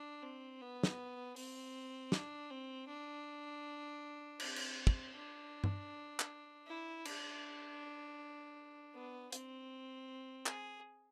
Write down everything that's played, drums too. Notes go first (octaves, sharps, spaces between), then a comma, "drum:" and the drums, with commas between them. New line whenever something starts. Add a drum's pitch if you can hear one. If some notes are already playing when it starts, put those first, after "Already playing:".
Already playing: D4
C4
B3
drum: snare
C4, drum: open hi-hat
D4, drum: snare
C4
D4
C4, drum: cymbal
drum: cymbal
drum: kick
D4
drum: tom G2
drum: clap
E4
D4, drum: cymbal
B3
C4, drum: hi-hat
G#4, drum: clap